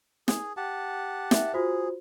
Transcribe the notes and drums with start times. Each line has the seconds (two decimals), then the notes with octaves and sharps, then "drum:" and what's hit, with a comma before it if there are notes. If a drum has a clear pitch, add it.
0.28 G#4, drum: snare
0.57 G4 F#5 A5
1.31 E5, drum: snare
1.54 F4 F#4 G#4 C5